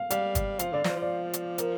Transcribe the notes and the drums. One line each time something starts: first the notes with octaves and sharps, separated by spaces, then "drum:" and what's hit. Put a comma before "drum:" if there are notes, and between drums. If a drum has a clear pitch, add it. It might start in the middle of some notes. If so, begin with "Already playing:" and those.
Already playing: F5
G3 F5, drum: hi-hat
drum: kick, hi-hat
F3 F5, drum: hi-hat
D3 D5
F3, drum: snare
C5
F3
D5
drum: hi-hat
A#4, drum: hi-hat